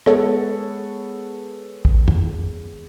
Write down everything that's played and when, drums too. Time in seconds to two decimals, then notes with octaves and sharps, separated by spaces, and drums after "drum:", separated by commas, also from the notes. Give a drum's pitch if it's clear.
0.06 G#3 B3 G#4 A4 B4 C#5, drum: rim click
1.85 drum: kick
2.08 drum: tom F2